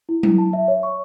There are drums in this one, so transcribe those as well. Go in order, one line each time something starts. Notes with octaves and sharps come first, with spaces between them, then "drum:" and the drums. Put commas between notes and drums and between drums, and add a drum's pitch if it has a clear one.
E4
E4, drum: tom F#3
A5
E5
C#5
C#6